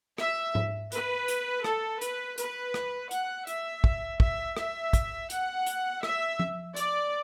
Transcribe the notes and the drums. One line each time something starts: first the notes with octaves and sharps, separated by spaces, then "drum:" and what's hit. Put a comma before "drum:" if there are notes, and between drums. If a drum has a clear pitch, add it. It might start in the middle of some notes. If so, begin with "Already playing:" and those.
E5, drum: rim click
drum: tom G#2
B4, drum: hi-hat
drum: hi-hat
A4, drum: rim click
B4, drum: hi-hat
B4, drum: hi-hat
drum: rim click
F#5, drum: hi-hat
E5, drum: hi-hat
drum: kick
E5, drum: kick
E5, drum: rim click
drum: kick, hi-hat
F#5, drum: hi-hat
drum: hi-hat
E5, drum: rim click
drum: tom F3
D5, drum: hi-hat